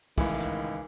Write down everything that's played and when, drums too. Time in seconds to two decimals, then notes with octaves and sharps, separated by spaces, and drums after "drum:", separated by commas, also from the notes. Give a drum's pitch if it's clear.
0.18 C#2 A2 D#3 E3 F5, drum: kick, open hi-hat
0.40 drum: hi-hat